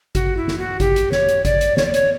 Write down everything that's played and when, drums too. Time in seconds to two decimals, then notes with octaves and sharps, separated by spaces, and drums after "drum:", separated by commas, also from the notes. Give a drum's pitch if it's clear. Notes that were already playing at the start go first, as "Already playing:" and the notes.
0.15 F#4, drum: kick G#1, hi-hat
0.37 E4
0.48 drum: snare
0.58 F#4
0.80 G4, drum: kick G#1, hi-hat
0.96 drum: hi-hat
1.12 C#5, drum: snare
1.29 drum: hi-hat
1.45 D5, drum: kick G#1, hi-hat
1.61 drum: hi-hat
1.77 C#5, drum: snare
1.85 D5
1.94 C#5, drum: hi-hat